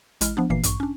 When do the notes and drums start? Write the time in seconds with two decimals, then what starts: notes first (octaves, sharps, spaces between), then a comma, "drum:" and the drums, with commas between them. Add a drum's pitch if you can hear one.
0.21 A1 G#3 E4 F6, drum: hi-hat
0.37 F3 B3 D4
0.50 G1 A#2 E3 A#3 C7
0.63 A1 G2 C#6, drum: hi-hat
0.80 C#4 D4